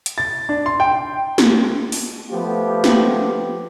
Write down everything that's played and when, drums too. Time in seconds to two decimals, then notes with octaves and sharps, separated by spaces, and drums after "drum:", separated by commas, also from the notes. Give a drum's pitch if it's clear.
0.06 drum: hi-hat
0.18 A6
0.49 D4
0.66 C6
0.80 G5
1.38 drum: snare
1.92 drum: open hi-hat
2.31 F3 A3 B3 F4 G4
2.84 drum: snare